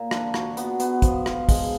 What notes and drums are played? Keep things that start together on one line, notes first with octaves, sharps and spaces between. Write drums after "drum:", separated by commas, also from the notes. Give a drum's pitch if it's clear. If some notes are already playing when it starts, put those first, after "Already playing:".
Already playing: A#2
D4, drum: rim click
F#4, drum: rim click
B3, drum: hi-hat
B3, drum: hi-hat
F3, drum: kick, hi-hat
F4, drum: rim click
G#3, drum: kick, open hi-hat